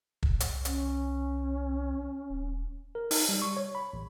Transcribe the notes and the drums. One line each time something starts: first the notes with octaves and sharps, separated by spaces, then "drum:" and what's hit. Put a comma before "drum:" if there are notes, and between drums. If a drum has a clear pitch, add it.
C2, drum: kick
drum: hi-hat
C#4, drum: hi-hat
D#1
A#4
D#4, drum: open hi-hat
G3
C#6
C#5
B5
A1